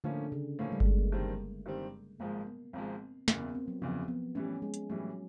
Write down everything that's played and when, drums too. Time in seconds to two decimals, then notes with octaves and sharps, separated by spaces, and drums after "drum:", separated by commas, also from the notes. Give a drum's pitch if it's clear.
0.04 A2 D3 F3 A#3 C#4
0.32 C#3
0.59 A2 F3 A#3 C#4
0.72 G3
0.80 A3, drum: kick G1
0.86 G#3
0.98 A#3
1.12 G2 D#3 G3 C4
1.66 G2 D#3 G3 C4
2.20 G#1 G#2 F3 G#3 A#3
2.47 B3
2.73 G#1 G#2 F3 G#3 C4
3.28 F#1 E2 C#3 A#3, drum: snare
3.41 B3
3.55 C4
3.68 F#3
3.82 F#1 E2 C#3 F3
4.08 B3
4.35 A2 E3 G3 C#4
4.62 G#3
4.74 drum: hi-hat
4.90 A2 E3 F#3 G3